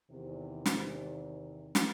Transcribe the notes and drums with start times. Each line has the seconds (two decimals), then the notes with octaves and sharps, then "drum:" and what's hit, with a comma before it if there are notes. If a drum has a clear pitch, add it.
0.11 E2 C3 D#3
0.65 drum: snare
1.75 drum: snare